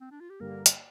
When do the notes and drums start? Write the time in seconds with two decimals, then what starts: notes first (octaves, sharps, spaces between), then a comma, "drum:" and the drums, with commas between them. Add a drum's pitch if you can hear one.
0.01 C4
0.11 D4
0.21 F4
0.30 G4
0.40 G2 D3 G3 A#3 A#4
0.66 drum: hi-hat